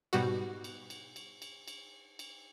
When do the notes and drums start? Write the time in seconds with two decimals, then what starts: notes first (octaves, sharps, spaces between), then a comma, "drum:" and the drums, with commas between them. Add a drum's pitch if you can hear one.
0.13 G#2 B2 G3 F#4, drum: cymbal
0.64 drum: cymbal
0.90 drum: cymbal
1.16 drum: cymbal
1.42 drum: cymbal
1.68 drum: cymbal
2.19 drum: cymbal